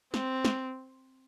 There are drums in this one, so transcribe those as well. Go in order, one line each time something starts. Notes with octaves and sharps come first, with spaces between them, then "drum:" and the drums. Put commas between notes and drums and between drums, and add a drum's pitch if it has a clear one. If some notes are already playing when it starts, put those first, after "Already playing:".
C4, drum: snare
drum: snare